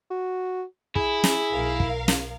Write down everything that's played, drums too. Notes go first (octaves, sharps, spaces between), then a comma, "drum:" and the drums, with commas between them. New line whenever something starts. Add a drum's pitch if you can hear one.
F#4
E4 G#4, drum: kick
drum: snare
B1 A#4 F5
drum: kick
drum: snare